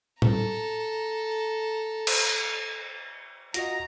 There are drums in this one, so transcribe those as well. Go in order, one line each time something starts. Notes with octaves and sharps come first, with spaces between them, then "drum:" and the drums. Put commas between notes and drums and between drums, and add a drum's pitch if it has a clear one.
A4 A#5, drum: tom A2
drum: cymbal
F4 F#4 D#5 A#5, drum: hi-hat